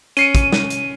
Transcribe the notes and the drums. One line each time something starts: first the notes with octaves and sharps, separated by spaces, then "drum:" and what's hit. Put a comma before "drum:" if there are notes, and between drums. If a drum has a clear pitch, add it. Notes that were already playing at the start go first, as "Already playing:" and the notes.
C#4 C7 C#7 D#7, drum: hi-hat
drum: kick, hi-hat
drum: snare
drum: hi-hat